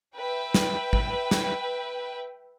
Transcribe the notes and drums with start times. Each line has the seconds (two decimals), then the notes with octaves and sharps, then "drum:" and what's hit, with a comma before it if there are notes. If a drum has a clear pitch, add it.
0.16 B4 E5 G5
0.54 drum: snare
0.93 drum: kick G#1
1.31 drum: snare